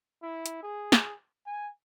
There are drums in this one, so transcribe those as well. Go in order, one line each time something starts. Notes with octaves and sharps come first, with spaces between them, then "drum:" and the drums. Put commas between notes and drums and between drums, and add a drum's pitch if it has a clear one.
E4
drum: hi-hat
G#4
drum: snare
G#5